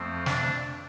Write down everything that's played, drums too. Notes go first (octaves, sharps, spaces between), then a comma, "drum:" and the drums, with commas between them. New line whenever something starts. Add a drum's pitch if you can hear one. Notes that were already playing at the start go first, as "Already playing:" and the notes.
Already playing: F2 F3 A3 C4
D4, drum: snare